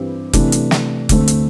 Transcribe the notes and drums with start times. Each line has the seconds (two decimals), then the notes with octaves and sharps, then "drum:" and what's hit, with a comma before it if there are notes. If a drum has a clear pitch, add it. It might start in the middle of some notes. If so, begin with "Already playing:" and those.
Already playing: G2 E3 G3 C4 G4
0.33 C3 E3 A3 D4, drum: kick F1, hi-hat
0.52 drum: hi-hat
0.71 drum: snare
1.09 D2 D3 A3 C4, drum: kick F1, hi-hat
1.28 drum: hi-hat